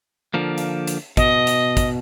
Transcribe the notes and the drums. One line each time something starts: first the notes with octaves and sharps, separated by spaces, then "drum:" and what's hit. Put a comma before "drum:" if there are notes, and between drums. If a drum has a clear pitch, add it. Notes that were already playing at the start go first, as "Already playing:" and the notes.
D3 F3 A#3
drum: hi-hat
drum: hi-hat
B2 D#5, drum: kick, hi-hat
drum: hi-hat
drum: kick, hi-hat